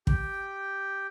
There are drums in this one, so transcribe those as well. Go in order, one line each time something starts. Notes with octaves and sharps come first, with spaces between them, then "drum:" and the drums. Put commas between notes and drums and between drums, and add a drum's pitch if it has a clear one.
G4 G5, drum: kick